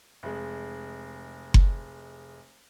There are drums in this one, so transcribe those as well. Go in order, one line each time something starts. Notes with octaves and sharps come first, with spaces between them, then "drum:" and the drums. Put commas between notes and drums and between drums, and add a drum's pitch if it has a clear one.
F1 G#3
drum: kick F#1